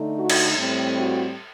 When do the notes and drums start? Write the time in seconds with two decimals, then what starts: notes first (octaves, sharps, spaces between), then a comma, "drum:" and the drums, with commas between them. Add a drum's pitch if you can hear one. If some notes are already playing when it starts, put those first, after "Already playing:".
Already playing: D3 A3 D#4
0.18 F#4
0.30 drum: cymbal
0.58 A2 G3 C4
0.97 F#4